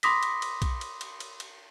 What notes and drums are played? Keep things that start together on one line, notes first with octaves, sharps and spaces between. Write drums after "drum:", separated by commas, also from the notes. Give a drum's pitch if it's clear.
B5 C6 D6 D#6 A#6 B6, drum: cymbal
drum: cymbal
drum: cymbal
drum: kick B1, cymbal
drum: cymbal
drum: cymbal
drum: cymbal
drum: cymbal